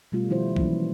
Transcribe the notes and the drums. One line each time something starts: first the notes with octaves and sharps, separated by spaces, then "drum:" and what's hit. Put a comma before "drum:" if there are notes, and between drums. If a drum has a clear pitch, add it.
B2 G3 A3 F4
D#3 F3 E4 C5
E3 F#3 A#3 C#4, drum: kick